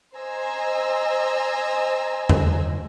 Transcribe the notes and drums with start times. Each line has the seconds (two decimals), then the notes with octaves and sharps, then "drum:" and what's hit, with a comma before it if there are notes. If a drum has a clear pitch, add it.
0.16 C5 D#5 G#5 A#5 E6
2.29 drum: tom E2